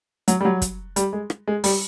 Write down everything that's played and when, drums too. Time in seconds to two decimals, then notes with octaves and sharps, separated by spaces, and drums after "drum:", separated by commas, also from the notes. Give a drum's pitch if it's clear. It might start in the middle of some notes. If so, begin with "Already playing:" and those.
0.28 F#3, drum: hi-hat
0.41 G3
0.45 F#3
0.62 drum: kick, hi-hat
0.96 G3, drum: hi-hat
1.13 G#3
1.30 drum: rim click
1.47 G#3
1.64 G3, drum: open hi-hat